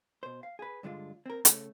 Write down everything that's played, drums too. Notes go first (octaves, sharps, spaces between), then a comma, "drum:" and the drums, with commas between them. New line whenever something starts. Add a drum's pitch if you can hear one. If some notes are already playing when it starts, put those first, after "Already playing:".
B2 C5
F5
G#4 B4
G2 D3 G#3 D4 F4
C4 A#4
C#3 A3, drum: hi-hat